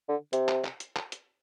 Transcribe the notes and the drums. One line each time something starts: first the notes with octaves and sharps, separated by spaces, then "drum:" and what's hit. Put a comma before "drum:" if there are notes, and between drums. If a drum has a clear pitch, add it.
D3
C3, drum: hi-hat
drum: clap
drum: clap
drum: hi-hat
drum: clap
drum: hi-hat